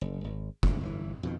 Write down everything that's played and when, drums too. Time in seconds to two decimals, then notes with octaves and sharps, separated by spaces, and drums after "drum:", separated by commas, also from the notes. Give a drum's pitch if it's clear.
0.01 F#1
0.24 G#1
0.63 G#1 D2 A#2 D3, drum: kick
0.81 G1 B2 E3
1.23 F2 B2 D#3